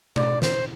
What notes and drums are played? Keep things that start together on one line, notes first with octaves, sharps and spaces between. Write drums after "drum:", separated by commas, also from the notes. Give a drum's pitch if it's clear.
D5, drum: tom B2
C5, drum: snare